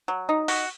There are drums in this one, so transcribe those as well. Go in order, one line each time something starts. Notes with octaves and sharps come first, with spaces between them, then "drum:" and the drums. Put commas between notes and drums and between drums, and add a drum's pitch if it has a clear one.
F#3
D#4
F#4, drum: open hi-hat